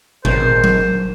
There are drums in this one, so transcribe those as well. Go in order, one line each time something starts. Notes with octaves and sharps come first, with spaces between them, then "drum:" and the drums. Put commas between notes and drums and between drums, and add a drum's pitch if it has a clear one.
G#1 A#4 C5, drum: tom A#2
drum: tom F#3